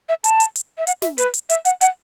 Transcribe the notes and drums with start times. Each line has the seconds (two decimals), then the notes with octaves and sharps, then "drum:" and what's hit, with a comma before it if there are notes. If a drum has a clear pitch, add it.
0.09 E5
0.24 A5, drum: hi-hat
0.40 drum: hi-hat
0.56 drum: hi-hat
0.78 E5
0.87 F#5, drum: hi-hat
1.02 E5, drum: snare
1.18 B4, drum: hi-hat
1.34 drum: hi-hat
1.50 E5, drum: hi-hat
1.65 F#5, drum: hi-hat
1.81 F#5, drum: hi-hat